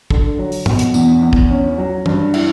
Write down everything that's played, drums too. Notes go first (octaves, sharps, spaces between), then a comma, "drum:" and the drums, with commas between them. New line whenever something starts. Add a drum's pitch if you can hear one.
D3, drum: kick
F#3
drum: open hi-hat
B2, drum: tom
drum: hi-hat
E2, drum: tambourine
E2
drum: kick
C#4
F#3
G2, drum: tom
E4, drum: cymbal